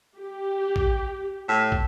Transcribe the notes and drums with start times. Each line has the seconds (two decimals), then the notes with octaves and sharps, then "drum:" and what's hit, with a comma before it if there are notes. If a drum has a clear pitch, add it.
0.17 G4
0.76 drum: kick
1.48 A2
1.72 drum: kick